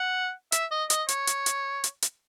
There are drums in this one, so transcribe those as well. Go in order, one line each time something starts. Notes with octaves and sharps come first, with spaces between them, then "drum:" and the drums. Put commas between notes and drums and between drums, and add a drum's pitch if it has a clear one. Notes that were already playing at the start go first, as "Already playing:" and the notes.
Already playing: F#5
E5, drum: hi-hat
D#5
D#5, drum: hi-hat
C#5, drum: hi-hat
drum: hi-hat
drum: hi-hat
drum: hi-hat
drum: hi-hat